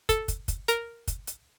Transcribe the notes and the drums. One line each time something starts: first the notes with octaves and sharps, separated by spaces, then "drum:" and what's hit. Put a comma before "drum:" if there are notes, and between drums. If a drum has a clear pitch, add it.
A4, drum: kick, hi-hat
drum: kick, hi-hat
drum: kick, hi-hat
A#4, drum: hi-hat
drum: kick, hi-hat
drum: hi-hat